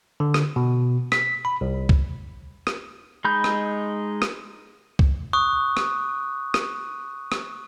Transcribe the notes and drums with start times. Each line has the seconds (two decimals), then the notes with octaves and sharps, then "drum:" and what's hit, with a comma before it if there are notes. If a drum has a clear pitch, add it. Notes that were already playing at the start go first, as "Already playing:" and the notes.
0.20 D3
0.34 drum: rim click
0.56 B2
1.12 B6, drum: rim click
1.45 B5
1.61 C2
1.89 drum: kick C2
2.67 drum: rim click
3.25 G#3 D#4 B5 G6
3.44 drum: rim click
4.22 drum: rim click
4.99 drum: kick C2
5.33 C#6 D#6 F#6
5.77 drum: rim click
6.54 drum: rim click
7.32 drum: rim click